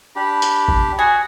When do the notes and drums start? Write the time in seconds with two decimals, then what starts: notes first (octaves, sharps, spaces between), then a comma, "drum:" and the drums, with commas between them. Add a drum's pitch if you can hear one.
0.16 D4 G4 B5
0.42 drum: hi-hat
0.68 drum: kick
0.99 F#4 G#4